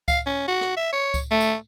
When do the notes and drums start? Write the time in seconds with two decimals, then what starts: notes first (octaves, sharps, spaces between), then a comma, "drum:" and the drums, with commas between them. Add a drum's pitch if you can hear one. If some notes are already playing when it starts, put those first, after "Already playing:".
0.08 F5, drum: kick C#2, tambourine
0.26 C#4
0.48 F#4
0.61 drum: rim click
0.76 E5
0.93 C#5
1.14 drum: kick C#2, tambourine
1.31 A3
1.41 drum: tambourine